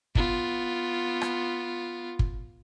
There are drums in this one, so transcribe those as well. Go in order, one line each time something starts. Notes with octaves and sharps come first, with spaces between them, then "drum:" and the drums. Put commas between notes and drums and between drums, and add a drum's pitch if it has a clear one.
B3 F4, drum: kick
drum: rim click
drum: kick